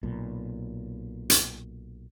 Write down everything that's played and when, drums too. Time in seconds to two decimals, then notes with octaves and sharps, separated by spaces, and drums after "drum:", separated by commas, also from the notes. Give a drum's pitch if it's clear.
0.03 B1 A#2
1.30 drum: hi-hat